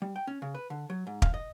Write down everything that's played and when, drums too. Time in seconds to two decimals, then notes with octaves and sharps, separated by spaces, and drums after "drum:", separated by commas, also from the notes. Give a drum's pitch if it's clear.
0.02 G3
0.16 G5
0.27 C#4
0.42 C#3
0.54 B4
0.70 D3
0.90 F#3
1.07 G#2
1.22 F5, drum: kick
1.34 D#5